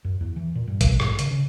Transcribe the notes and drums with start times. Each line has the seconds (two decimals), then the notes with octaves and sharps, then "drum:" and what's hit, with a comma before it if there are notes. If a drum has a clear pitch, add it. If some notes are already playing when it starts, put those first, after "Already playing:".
0.05 F#2
0.21 E2
0.36 E3
0.55 A#2
0.67 G2
0.81 B2, drum: kick, hi-hat
1.00 G#2, drum: rim click
1.19 C#3, drum: hi-hat
1.31 C#3